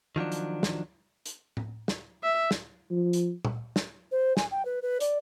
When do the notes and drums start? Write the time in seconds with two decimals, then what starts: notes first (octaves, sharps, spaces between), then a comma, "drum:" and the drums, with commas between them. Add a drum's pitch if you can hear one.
0.16 D#3 F3 F#3 D4
0.32 drum: hi-hat
0.63 drum: snare
1.26 drum: hi-hat
1.57 drum: tom A2
1.88 drum: snare
2.23 E5
2.51 drum: snare
2.91 F3
3.13 drum: hi-hat
3.45 drum: tom
3.76 drum: snare
4.12 C5
4.37 G#5, drum: snare
4.51 G5
4.65 B4
4.82 B4
5.00 D5, drum: hi-hat